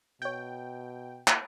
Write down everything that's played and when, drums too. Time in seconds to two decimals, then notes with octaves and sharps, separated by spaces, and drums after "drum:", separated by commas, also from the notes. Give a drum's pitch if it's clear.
0.22 B2 C#5 G5 G6
1.27 drum: clap